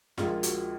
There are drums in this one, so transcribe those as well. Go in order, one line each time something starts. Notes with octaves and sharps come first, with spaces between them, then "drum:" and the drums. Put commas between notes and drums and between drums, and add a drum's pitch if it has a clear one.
A#1 A#2 G#3 F4, drum: snare
F#4, drum: hi-hat